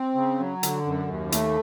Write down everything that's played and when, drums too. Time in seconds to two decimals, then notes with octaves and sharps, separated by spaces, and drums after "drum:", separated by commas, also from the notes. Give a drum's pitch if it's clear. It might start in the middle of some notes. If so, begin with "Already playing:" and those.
Already playing: C4
0.15 C#3
0.39 F#3
0.63 D3, drum: hi-hat
0.86 F#2
1.09 D#2
1.32 A3, drum: hi-hat